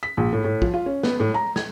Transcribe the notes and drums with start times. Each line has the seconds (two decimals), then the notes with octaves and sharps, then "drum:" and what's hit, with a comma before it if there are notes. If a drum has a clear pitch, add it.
0.03 B6
0.17 A#1
0.33 A2
0.44 A2
0.62 F3, drum: kick
0.74 F4
0.86 C#4
1.03 B3, drum: snare
1.20 A2
1.34 A#5
1.56 G#6, drum: snare